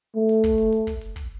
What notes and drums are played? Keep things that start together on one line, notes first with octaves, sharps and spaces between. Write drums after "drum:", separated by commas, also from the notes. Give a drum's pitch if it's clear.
A3
drum: hi-hat
drum: kick, hi-hat
drum: hi-hat
drum: hi-hat
drum: kick, hi-hat
drum: hi-hat
drum: kick